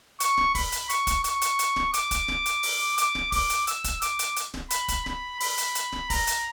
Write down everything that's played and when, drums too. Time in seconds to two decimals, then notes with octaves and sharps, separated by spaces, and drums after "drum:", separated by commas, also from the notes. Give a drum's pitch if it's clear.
0.20 C#6, drum: hi-hat
0.37 drum: snare D1
0.55 B5, drum: kick, open hi-hat
0.72 drum: hi-hat
0.89 C#6, drum: hi-hat
1.07 drum: kick, hi-hat
1.24 C#6, drum: hi-hat
1.42 drum: hi-hat
1.59 drum: hi-hat
1.76 drum: snare D1
1.94 D6, drum: hi-hat
2.11 drum: kick, hi-hat
2.28 drum: snare D1
2.46 drum: hi-hat
2.63 drum: open hi-hat
2.98 D6, drum: hi-hat
3.15 drum: snare D1
3.32 D6, drum: kick, open hi-hat
3.50 drum: hi-hat
3.67 E6, drum: hi-hat
3.84 drum: kick, hi-hat
4.02 D6, drum: hi-hat
4.19 drum: hi-hat
4.36 drum: hi-hat
4.54 drum: snare D1
4.70 B5, drum: hi-hat
4.88 drum: kick, hi-hat
5.06 B5, drum: snare D1
5.40 B5, drum: open hi-hat
5.58 drum: hi-hat
5.75 drum: hi-hat
5.92 drum: snare D1
6.10 A#5, drum: kick, open hi-hat
6.27 drum: hi-hat